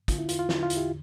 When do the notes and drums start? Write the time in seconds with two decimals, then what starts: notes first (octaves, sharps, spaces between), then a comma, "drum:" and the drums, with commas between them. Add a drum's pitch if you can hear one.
0.08 D3 F4, drum: kick, hi-hat
0.19 E4
0.29 E2 F4, drum: hi-hat
0.39 F4
0.49 D3 E4, drum: snare
0.63 F4
0.70 E2, drum: hi-hat
0.76 E4 G4